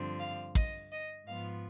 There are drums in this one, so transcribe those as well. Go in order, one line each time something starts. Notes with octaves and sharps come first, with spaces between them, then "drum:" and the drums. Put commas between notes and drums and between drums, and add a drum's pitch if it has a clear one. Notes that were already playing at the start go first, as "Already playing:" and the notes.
Already playing: G2 D3 F3 C4
F5
D#5, drum: kick
D#5
G#2 F3 B3 F5